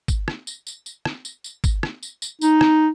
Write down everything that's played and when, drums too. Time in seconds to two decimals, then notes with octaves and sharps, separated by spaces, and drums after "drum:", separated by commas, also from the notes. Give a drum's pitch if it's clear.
0.08 drum: kick, tambourine
0.28 drum: rim click
0.47 drum: tambourine
0.67 drum: tambourine
0.86 drum: tambourine
1.05 drum: rim click
1.25 drum: tambourine
1.44 drum: tambourine
1.64 drum: kick, tambourine
1.83 drum: rim click
2.03 drum: tambourine
2.22 drum: tambourine
2.41 D#4, drum: tambourine
2.61 drum: rim click